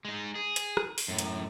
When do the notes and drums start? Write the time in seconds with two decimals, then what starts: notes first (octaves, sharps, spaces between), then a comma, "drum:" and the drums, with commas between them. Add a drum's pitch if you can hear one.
0.05 G#3 D#4
0.35 G#4
0.56 drum: hi-hat
0.77 drum: rim click
0.98 drum: open hi-hat
1.08 F#2 A2
1.19 drum: hi-hat